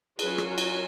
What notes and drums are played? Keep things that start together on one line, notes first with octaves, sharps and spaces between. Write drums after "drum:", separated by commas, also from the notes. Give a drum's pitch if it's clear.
F#3 C#4 F4 G#4 B4, drum: cymbal
drum: rim click
F#4 A#4
drum: cymbal